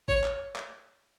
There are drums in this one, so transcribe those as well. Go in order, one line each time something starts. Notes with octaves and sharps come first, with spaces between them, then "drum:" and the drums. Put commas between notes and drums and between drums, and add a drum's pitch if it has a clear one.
C#5, drum: kick G#1
drum: clap
drum: clap